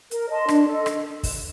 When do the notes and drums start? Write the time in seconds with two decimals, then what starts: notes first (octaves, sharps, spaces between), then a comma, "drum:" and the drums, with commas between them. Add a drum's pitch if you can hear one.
0.11 A#4, drum: hi-hat
0.29 D#5 A5 C6
0.48 D4, drum: rim click
0.67 A4 D#5
0.86 drum: rim click
1.23 drum: kick, open hi-hat